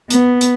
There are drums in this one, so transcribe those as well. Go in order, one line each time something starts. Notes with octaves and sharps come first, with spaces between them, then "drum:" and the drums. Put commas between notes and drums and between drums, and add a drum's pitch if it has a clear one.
B3, drum: hi-hat
drum: hi-hat